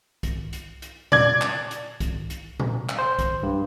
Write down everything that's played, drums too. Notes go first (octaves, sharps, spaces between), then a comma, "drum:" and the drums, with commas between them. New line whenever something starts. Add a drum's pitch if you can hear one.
drum: kick B1, hi-hat
drum: hi-hat
drum: hi-hat
D5 G#6, drum: tom A#2
drum: clap
drum: hi-hat
drum: kick B1, hi-hat
drum: hi-hat
drum: tom A#2
drum: clap
C5
drum: kick B1, hi-hat
G2